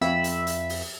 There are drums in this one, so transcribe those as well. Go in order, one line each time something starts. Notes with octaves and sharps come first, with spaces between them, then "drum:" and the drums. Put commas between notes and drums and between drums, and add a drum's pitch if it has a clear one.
F2 E5 B5 E6, drum: snare
drum: hi-hat
drum: hi-hat
drum: open hi-hat